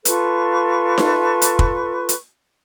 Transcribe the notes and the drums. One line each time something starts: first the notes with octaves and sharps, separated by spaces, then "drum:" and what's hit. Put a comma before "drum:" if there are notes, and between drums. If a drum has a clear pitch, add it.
F4 A4 B4 C#6, drum: hi-hat
drum: snare D#4
drum: hi-hat
drum: kick
drum: hi-hat